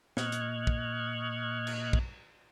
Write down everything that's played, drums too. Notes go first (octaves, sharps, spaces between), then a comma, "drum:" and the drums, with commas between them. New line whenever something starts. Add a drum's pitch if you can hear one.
A#2 D#5 C#6 F6 F#6 G#6, drum: snare
drum: hi-hat
drum: kick
drum: cymbal
drum: kick